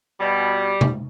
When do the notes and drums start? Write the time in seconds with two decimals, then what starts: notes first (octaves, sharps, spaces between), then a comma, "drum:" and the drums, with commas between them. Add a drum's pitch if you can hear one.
0.20 B2 G3
0.81 drum: tom C3